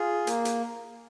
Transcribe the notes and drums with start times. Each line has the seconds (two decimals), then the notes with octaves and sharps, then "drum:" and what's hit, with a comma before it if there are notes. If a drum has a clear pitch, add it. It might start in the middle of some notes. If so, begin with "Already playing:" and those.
Already playing: F4 G#4
0.27 A#3, drum: hi-hat
0.45 drum: hi-hat